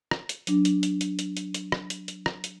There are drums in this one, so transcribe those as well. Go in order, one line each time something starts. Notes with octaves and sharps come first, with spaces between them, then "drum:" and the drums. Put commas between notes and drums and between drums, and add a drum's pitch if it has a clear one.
drum: rim click
drum: hi-hat
F#3 D4, drum: hi-hat
drum: hi-hat
drum: hi-hat
drum: hi-hat
drum: hi-hat
drum: hi-hat
drum: hi-hat
drum: rim click
drum: hi-hat
drum: hi-hat
drum: rim click
drum: hi-hat